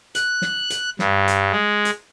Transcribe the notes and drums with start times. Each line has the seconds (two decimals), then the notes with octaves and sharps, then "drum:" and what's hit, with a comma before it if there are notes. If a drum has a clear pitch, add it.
0.15 F#6, drum: hi-hat
0.42 drum: snare
0.70 drum: hi-hat
0.99 G2, drum: snare
1.28 drum: hi-hat
1.52 G#3
1.85 drum: hi-hat